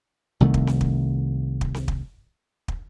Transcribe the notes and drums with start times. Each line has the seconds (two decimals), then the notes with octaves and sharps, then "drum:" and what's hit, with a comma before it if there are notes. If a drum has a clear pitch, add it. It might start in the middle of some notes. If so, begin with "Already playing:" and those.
0.40 C2 C3 D#3 A3
0.54 drum: kick
0.67 drum: snare C4
0.81 drum: kick
1.61 drum: kick
1.74 drum: snare C4
1.88 drum: kick
2.68 drum: kick